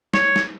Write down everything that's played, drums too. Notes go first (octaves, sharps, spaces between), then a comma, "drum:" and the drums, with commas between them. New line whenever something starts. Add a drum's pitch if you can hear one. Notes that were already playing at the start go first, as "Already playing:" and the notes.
C#5, drum: snare
drum: snare